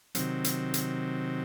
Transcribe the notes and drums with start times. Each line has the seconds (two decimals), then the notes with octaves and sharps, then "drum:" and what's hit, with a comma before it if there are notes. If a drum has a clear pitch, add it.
0.15 C3 D#3 F#3 C4, drum: hi-hat
0.44 drum: hi-hat
0.74 drum: hi-hat